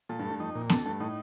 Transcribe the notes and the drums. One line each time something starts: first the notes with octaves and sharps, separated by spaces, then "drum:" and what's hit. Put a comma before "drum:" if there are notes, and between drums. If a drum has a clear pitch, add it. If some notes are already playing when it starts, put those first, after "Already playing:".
A#2 A4
G2
A3
G2
F2 D#4
A#2
F2 A4, drum: snare B3
G2 A3
A2 D#4